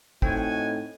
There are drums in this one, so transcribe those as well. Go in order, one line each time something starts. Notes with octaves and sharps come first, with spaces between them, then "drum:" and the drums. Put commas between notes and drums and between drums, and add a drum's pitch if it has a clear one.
A2 C4 D#4 F#4 G5 G#5, drum: kick